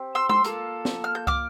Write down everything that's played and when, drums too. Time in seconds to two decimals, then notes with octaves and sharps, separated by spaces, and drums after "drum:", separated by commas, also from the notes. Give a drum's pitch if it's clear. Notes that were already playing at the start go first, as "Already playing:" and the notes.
Already playing: C4 G4
0.15 C6 E6
0.29 C6 E6, drum: tom G#3
0.44 A#3 F4 A4, drum: hi-hat
0.85 drum: snare
1.04 F6
1.15 G6
1.27 D6 F6, drum: kick